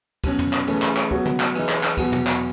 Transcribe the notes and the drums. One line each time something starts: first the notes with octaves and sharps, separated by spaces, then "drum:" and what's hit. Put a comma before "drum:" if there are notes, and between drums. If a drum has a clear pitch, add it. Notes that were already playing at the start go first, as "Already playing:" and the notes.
B2 F#3 C#4, drum: kick, cymbal
drum: tom
drum: clap
C#3 E3 A3 C#4 G#4, drum: cymbal
drum: clap
drum: clap
F#3 B3 F#4 C#5, drum: kick
drum: tom
drum: clap
E3 G#3 D#4, drum: cymbal
drum: clap
drum: clap
E2 B2 F#3 B3 F#4, drum: kick, cymbal
drum: tom
drum: clap